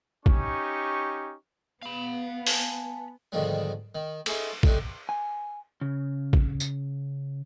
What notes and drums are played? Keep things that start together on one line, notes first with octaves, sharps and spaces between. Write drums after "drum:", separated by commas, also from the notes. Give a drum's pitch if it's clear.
C#4 D#4 G4 C#6, drum: kick
B3 F5 B5
G#5 A5, drum: open hi-hat
G#2 B2 D3 D#3 F3 G3
D#3
D#4 E4 G#4 A4, drum: cymbal
A3 D4 D#4 G4 A4, drum: kick
G#5
C#3
drum: kick
drum: tambourine